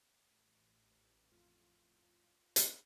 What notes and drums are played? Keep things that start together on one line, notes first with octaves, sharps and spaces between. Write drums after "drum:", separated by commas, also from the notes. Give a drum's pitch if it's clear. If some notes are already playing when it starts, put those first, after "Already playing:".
A1
F2 A2 F4
drum: hi-hat